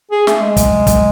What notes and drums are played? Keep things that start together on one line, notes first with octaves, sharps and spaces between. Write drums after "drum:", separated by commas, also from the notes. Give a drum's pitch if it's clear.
G#4
A3, drum: snare
G#3
drum: kick, hi-hat
drum: kick, hi-hat